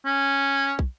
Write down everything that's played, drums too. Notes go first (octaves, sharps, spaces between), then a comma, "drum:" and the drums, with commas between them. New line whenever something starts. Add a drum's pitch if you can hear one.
C#4
drum: kick